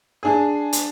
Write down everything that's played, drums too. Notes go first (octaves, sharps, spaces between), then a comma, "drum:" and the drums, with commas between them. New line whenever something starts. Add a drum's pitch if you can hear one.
D4 G#4
drum: hi-hat